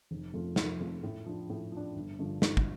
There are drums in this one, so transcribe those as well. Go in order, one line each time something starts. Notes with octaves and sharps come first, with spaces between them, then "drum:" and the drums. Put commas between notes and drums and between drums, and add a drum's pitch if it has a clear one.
F1
F2 F3 A3 F4
F1, drum: snare
F2 F3 A3 F4
A2
F3 D4
A2
F3 D4
G1
G2 D3 F3
G1, drum: snare
drum: kick